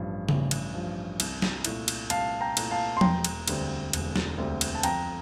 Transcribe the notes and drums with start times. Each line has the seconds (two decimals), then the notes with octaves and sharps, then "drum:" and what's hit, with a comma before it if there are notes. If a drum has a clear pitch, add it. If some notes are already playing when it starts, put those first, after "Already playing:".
Already playing: A1 G2 F3
0.29 A1, drum: tom C#3
0.51 drum: cymbal
0.74 G2 F3
1.20 C2, drum: cymbal
1.42 drum: snare
1.65 A#2 A3 E4, drum: cymbal
1.88 drum: cymbal
2.10 C2 F5 A5, drum: cymbal
2.41 G5 A#5
2.57 A#2 A3 E4, drum: cymbal
2.71 F5 A5
2.97 C6
3.01 E1 G5 A#5, drum: tom F3
3.24 drum: cymbal
3.48 D2 D3 G3 C4, drum: cymbal
3.93 E1, drum: cymbal
4.16 drum: snare
4.38 D2 D3 G3 C4
4.61 drum: cymbal
4.75 A5
4.83 F2 G5 A#5, drum: cymbal